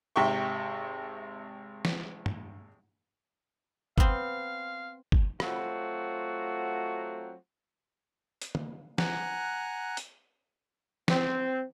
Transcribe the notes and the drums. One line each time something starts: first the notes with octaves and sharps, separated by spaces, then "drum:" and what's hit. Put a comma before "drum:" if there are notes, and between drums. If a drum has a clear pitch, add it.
G#1 C3 E5 G5 C#6
drum: snare
drum: tom
B3 C4 F5, drum: kick G1
drum: kick G1
F#3 A3 C4 F4 F#4, drum: rim click
drum: hi-hat
drum: tom
F#5 G#5 A#5 F#6, drum: snare
drum: hi-hat
C4, drum: snare